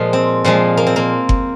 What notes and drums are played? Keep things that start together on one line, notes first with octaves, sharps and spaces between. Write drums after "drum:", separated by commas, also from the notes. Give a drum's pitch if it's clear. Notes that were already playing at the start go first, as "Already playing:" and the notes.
Already playing: A#2 F3 G#3 A#3
C4
A#2 F3 G#3 A#3
A#3
C4
A#3
drum: kick F#1